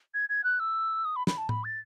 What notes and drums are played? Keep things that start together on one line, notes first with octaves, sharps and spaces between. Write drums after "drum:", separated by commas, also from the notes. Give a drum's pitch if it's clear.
G#6
G#6
F#6
E6
D#6
B5
B5, drum: snare
A5
B5, drum: tom A2
A6